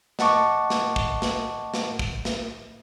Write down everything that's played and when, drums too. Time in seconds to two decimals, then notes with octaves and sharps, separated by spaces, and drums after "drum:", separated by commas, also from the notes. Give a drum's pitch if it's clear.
0.19 D#5 F#5 A5 C#6 D6, drum: snare
0.70 drum: snare
0.96 drum: kick
1.22 drum: snare
1.74 drum: snare
1.99 drum: kick
2.25 drum: snare